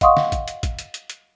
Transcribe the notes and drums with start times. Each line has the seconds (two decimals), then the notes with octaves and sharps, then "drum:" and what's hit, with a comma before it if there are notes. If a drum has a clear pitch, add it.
0.01 D#5 F5 F#5 C6 C#6 D#6, drum: kick, hi-hat
0.17 drum: snare
0.32 drum: kick, hi-hat
0.48 drum: hi-hat
0.63 drum: kick, hi-hat
0.79 drum: hi-hat
0.94 drum: hi-hat
1.10 drum: hi-hat